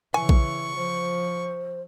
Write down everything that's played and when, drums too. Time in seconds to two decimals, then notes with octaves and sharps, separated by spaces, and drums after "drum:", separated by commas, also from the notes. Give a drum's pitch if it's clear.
0.14 C#3 E3 G#5 C#6
0.29 drum: kick A#1
0.76 F3 C5